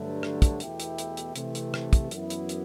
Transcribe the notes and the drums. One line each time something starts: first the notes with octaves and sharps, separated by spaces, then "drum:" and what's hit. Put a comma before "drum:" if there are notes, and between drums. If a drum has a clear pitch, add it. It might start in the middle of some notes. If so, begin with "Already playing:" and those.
Already playing: G2 D3 F#3 A3
drum: rim click
drum: kick, hi-hat
E2 B2 A3 E4 G4, drum: hi-hat
drum: hi-hat
drum: hi-hat
drum: hi-hat
C3 E3 A3, drum: hi-hat
drum: hi-hat
drum: rim click
drum: kick, hi-hat
F#2 E3 B3 E4, drum: hi-hat
drum: hi-hat
drum: hi-hat